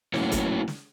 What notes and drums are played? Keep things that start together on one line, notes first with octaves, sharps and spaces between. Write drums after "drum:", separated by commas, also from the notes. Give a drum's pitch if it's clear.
F#3 A3 A#3 C#4 E4 F#4, drum: snare
drum: kick, hi-hat
drum: snare